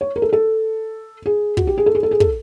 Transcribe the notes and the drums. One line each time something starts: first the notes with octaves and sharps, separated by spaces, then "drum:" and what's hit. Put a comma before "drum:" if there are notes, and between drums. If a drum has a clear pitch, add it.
C#5
A#4
A4
A4
G#4
F#4, drum: kick
G4
G#4
A4
G#4
A4
G#4
A4, drum: kick